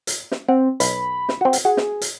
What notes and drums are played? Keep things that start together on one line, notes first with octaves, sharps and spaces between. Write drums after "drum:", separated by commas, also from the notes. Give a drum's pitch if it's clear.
drum: hi-hat
drum: snare
C4 F#5
B1 B5, drum: hi-hat
drum: snare
C4 F#4
drum: hi-hat
F#4 G#4
drum: snare
drum: hi-hat